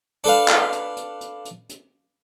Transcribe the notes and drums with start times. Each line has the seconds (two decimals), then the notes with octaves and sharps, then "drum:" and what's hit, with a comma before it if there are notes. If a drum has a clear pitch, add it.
0.24 D4 A4 B4 F5
0.48 drum: clap
0.72 drum: hi-hat
0.97 drum: hi-hat
1.21 drum: hi-hat
1.45 drum: hi-hat
1.69 drum: hi-hat